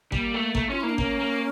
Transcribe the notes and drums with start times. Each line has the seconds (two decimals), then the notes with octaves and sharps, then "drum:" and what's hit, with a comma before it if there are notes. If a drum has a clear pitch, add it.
0.12 G3 A#3, drum: kick G#1
0.34 A3
0.55 A3, drum: kick G#1
0.70 C#4 F4
0.80 A#3 E4
0.89 D4
0.98 A#3 C#4, drum: kick G#1
1.19 A#3